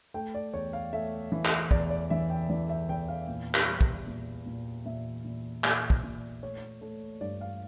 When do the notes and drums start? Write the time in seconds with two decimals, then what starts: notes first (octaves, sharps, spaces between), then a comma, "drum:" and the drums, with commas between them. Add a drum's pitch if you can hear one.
0.14 A3 G5
0.35 D5
0.54 E2 C#5
0.73 F5
0.93 A3 E5
1.32 E3
1.45 drum: clap
1.71 E2 D5, drum: kick
1.90 D5
2.10 E3 E5
2.30 G5
2.49 E3 D5
2.69 E5
2.89 E2 G5
3.08 F5
3.28 A#2
3.55 drum: clap
3.68 G3
3.81 drum: kick
4.07 A#2
4.46 A#2
4.86 A#2 E5
5.24 A#2
5.64 A#2 D5, drum: clap
5.90 drum: kick
6.03 A#2
6.43 A3 C#5
6.81 A3
7.21 G2 D5
7.41 F5